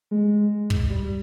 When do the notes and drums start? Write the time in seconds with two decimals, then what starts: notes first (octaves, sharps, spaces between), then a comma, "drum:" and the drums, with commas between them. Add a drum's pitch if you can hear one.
0.11 G#3
0.70 drum: kick
0.90 G3